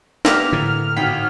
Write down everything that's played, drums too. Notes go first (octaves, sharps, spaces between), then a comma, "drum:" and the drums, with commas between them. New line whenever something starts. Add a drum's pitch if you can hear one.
A#3 B3 E4 G4 E6 F6 A#6, drum: snare
A2 D3
G#1 F4 F#4 G5 B5